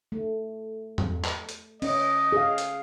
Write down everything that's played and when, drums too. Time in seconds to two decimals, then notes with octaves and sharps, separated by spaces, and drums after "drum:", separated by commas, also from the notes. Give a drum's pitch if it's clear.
0.12 A3
0.98 drum: tom E2
1.24 drum: clap
1.49 drum: hi-hat
1.82 C#4 D#5, drum: cymbal
2.32 G#4 F5
2.58 drum: hi-hat